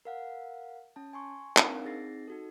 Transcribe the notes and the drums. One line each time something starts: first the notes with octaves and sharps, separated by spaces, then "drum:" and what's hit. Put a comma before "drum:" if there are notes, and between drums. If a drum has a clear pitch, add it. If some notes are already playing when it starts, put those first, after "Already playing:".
A#4 F5 F#5
C#4 A5
G#5 C6 C#6
C4 D4 D#4 A#4 F5, drum: clap
C4 D#4 G#4 A6 A#6 C7
D#4 F#4 A4